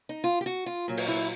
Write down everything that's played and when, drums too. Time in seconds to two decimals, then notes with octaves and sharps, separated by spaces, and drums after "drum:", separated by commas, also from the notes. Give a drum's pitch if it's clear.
0.09 D#4
0.24 F4
0.41 G4
0.46 F#4
0.66 F4
0.88 A#2 F#3
0.97 drum: open hi-hat
1.08 E4